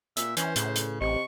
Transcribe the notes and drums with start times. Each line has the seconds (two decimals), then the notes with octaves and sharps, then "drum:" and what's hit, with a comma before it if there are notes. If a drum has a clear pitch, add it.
0.17 A#2 E5, drum: hi-hat
0.37 E3 C#4 B4 C5, drum: hi-hat
0.56 A2 C#3, drum: hi-hat
0.76 drum: hi-hat
1.01 A1 C3 D#5 C#6